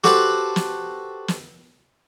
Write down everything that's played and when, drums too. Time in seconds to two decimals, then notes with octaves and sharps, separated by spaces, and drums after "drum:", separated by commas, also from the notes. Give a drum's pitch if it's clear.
0.04 F#4 G4 A4 B4 C5 F#5, drum: snare
0.56 drum: snare
1.28 drum: snare